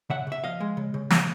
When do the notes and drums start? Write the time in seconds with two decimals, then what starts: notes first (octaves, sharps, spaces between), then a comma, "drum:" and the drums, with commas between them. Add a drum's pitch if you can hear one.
0.10 C#3 E5 F#5
0.27 C#3
0.32 E5
0.44 F3 D#5 F5
0.60 G#3
0.77 C#3
0.94 C#3
1.10 A#3, drum: snare